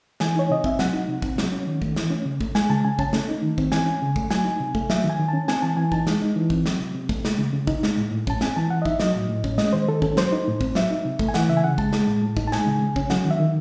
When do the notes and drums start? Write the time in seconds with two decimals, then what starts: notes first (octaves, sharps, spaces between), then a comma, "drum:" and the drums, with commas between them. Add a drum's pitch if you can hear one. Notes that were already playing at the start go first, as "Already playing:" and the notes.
0.20 E3 G#5, drum: snare
0.35 D#4 C#5
0.50 C3 D#5
0.64 C4 E5, drum: kick
0.79 F#3 F#5, drum: snare
0.93 D#4
1.08 C3
1.22 C4, drum: kick
1.38 F#3, drum: snare
1.52 C#4
1.67 D#3
1.82 A3, drum: kick
1.96 E3, drum: snare
2.10 C#4
2.26 C#3
2.41 A3, drum: kick
2.55 G#3 G#5, drum: snare
2.70 C#3 A5
2.85 C#3 G#5
2.99 C#4 A5, drum: kick
3.13 A3, drum: snare
3.29 D#4
3.42 D#3
3.58 C4, drum: kick
3.72 E3 G#5, drum: snare
3.86 C#4
4.02 C#3
4.16 A3, drum: kick
4.31 F#3 G#5, drum: snare
4.45 D#4
4.60 C3
4.75 A3, drum: kick
4.90 F#3 E5, drum: snare
5.04 D#3
5.10 G#5
5.19 D#3
5.28 C#4 A5
5.48 C4 G#5, drum: snare
5.62 E3 A5
5.77 E3 G#5
5.92 D#4 A5, drum: kick
6.07 G#3, drum: snare
6.22 D#4
6.36 E3
6.50 C4, drum: kick
6.66 F#3, drum: snare
6.80 C3
6.95 C3
7.09 A3, drum: kick
7.25 G#3, drum: snare
7.38 C#3
7.53 C#3
7.67 D#4, drum: kick
7.83 G#3, drum: snare
7.97 A2
8.11 A2
8.27 C#4 A5, drum: kick
8.41 C4 G#5, drum: snare
8.56 E3 A5
8.70 E3 F#5
8.82 D#5
8.85 D#4 E5, drum: kick
9.00 F#3 D#5, drum: snare
9.15 A2
9.29 A2
9.44 C#4, drum: kick
9.58 G#3 D#5, drum: snare
9.73 D#3 C5
9.88 D#3 A4
10.02 C#4 A4, drum: kick
10.17 F#3 C5, drum: snare
10.33 D#4
10.47 A2
10.61 C4, drum: kick
10.75 F#3 E5, drum: snare
10.90 D#4
11.05 C3
11.19 A3, drum: kick
11.28 G#5
11.34 E3 F#5, drum: snare
11.49 C#3 E5
11.57 G#5
11.64 C#3 F#5
11.78 G#3 A5, drum: kick
11.93 G#3, drum: snare
12.08 A2
12.22 A2
12.37 D#4, drum: kick
12.47 A5
12.52 G#3 G#5, drum: snare
12.67 C#3
12.82 C#3
12.96 C#4, drum: kick
13.10 F#3 F#5, drum: snare
13.25 D#3
13.31 E5
13.40 D#3